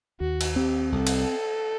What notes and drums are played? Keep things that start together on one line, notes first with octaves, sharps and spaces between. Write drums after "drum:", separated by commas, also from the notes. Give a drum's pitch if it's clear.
D#2 F#4
drum: cymbal
C4 G4
C2 A4
drum: cymbal